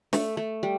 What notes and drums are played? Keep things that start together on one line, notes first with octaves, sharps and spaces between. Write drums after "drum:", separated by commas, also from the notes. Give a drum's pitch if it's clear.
A3, drum: snare
A3
G3